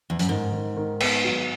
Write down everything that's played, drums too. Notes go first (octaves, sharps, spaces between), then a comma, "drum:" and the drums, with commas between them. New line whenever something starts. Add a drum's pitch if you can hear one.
E2
F#2, drum: hi-hat
G#2 D#3
D#3
D#3
B3, drum: cymbal
F#3